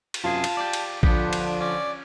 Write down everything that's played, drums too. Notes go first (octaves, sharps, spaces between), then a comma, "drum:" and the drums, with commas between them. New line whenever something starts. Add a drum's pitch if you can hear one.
drum: cymbal
F#2 C3 F4 G#4 A5
drum: cymbal
G4 D5
drum: cymbal
D3 F3 B3 D4 G4, drum: kick A1
drum: cymbal
C#4 D5